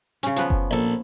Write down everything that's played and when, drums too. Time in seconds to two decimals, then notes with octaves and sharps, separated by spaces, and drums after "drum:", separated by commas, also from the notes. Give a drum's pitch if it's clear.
0.23 C#3 C#4, drum: hi-hat
0.36 F3 B3 B4, drum: hi-hat
0.50 drum: kick F#1
0.71 A#1 A4